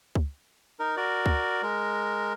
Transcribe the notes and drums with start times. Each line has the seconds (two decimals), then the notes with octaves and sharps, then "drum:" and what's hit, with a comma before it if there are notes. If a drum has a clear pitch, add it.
0.15 drum: kick C#2
0.80 D#4 A#4
0.97 F#4 A#4 D5
1.26 drum: kick C#2
1.62 G#3 A#4